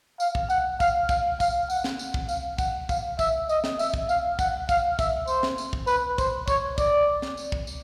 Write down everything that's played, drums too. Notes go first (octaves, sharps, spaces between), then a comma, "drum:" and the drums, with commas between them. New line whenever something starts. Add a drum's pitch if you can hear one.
F5, drum: tambourine
drum: kick
F#5, drum: tambourine
F5, drum: kick, tambourine
F5, drum: kick, tambourine
F5, drum: kick, tambourine
F#5, drum: tambourine
drum: snare
drum: tambourine
drum: kick
F5, drum: tambourine
F#5, drum: kick, tambourine
F5, drum: kick, tambourine
E5, drum: kick, tambourine
D#5, drum: tambourine
drum: snare
E5, drum: tambourine
drum: kick
F5, drum: tambourine
F#5, drum: kick, tambourine
F5, drum: kick, tambourine
E5, drum: kick, tambourine
C5, drum: tambourine
drum: snare
drum: tambourine
drum: kick
B4, drum: tambourine
C5, drum: kick, tambourine
C#5, drum: kick, tambourine
D5, drum: kick, tambourine
drum: snare
drum: tambourine
drum: kick
drum: tambourine